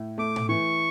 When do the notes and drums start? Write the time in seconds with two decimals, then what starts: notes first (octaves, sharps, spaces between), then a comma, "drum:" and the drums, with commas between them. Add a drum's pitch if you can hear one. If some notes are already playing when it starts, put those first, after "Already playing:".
Already playing: A2
0.18 A3 D6
0.36 drum: tom A2
0.49 E3 C#6